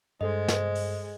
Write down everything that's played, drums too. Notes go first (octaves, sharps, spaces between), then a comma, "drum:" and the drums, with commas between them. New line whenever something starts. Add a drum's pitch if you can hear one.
G2 G#3 A4 C5 D#5
drum: snare
drum: open hi-hat